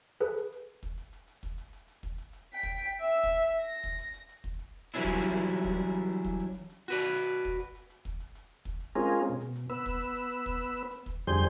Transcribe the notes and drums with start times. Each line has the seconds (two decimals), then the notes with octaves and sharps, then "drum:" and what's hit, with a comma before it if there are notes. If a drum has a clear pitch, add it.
0.20 G#4 A4 B4
0.37 drum: hi-hat
0.53 drum: hi-hat
0.83 drum: kick, hi-hat
0.98 drum: hi-hat
1.13 drum: hi-hat
1.28 drum: hi-hat
1.43 drum: kick, hi-hat
1.58 drum: hi-hat
1.73 drum: hi-hat
1.88 drum: hi-hat
2.03 drum: kick, hi-hat
2.18 drum: hi-hat
2.33 drum: hi-hat
2.54 G5 B6
2.63 drum: kick, hi-hat
2.78 drum: hi-hat
3.00 E5 E6
3.23 drum: kick, hi-hat
3.39 drum: hi-hat
3.61 A#6
3.84 drum: kick, hi-hat
3.99 drum: hi-hat
4.14 drum: hi-hat
4.29 drum: hi-hat
4.44 drum: kick
4.59 drum: hi-hat
4.94 E3 F#3 G3 C#4 D4 E4
5.04 drum: kick, hi-hat
5.19 drum: hi-hat
5.34 drum: hi-hat
5.49 drum: hi-hat
5.64 drum: kick, hi-hat
5.94 drum: hi-hat
6.09 drum: hi-hat
6.24 drum: kick, hi-hat
6.40 drum: hi-hat
6.55 drum: hi-hat
6.70 drum: hi-hat
6.88 F#4 B4 D5
7.00 drum: hi-hat
7.15 drum: hi-hat
7.30 drum: hi-hat
7.45 drum: kick, hi-hat
7.60 drum: hi-hat
7.75 drum: hi-hat
7.90 drum: hi-hat
8.05 drum: kick, hi-hat
8.20 drum: hi-hat
8.35 drum: hi-hat
8.65 drum: kick, hi-hat
8.80 drum: hi-hat
8.95 G#3 C4 C#4 F4 G#4 A#4, drum: hi-hat
9.10 drum: hi-hat
9.30 B2
9.41 drum: hi-hat
9.56 drum: hi-hat
9.70 B3 B4 E6, drum: hi-hat
9.86 drum: kick, hi-hat
10.01 drum: hi-hat
10.16 drum: hi-hat
10.31 drum: hi-hat
10.46 drum: kick, hi-hat
10.61 drum: hi-hat
10.76 drum: hi-hat
10.91 drum: hi-hat
11.06 drum: kick, hi-hat
11.27 F2 D3 G3 G#4 C5 G6